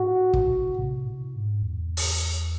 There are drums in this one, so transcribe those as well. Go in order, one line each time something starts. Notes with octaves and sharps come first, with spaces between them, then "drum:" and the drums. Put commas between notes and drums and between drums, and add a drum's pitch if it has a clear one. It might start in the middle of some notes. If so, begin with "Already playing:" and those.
Already playing: A2 F#4
drum: kick
C3
A2
G#2
E2
drum: open hi-hat